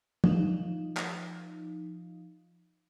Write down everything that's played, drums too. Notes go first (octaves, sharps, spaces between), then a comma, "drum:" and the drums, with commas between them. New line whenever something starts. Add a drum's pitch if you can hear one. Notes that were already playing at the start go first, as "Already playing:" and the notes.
F3 D#4, drum: tom
drum: clap